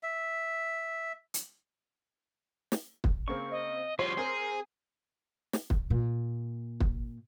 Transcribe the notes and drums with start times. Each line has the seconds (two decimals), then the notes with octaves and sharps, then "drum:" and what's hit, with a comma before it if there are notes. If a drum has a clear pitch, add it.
0.03 E5
1.34 drum: hi-hat
2.72 drum: snare
3.04 drum: kick
3.28 C#3 A#3 C4 C#6
3.51 D#5
3.99 F3 G3 C5 C#5 C6 C7
4.18 C4 G#4 A#4
5.53 drum: snare
5.70 drum: kick
5.90 A#2
6.80 drum: kick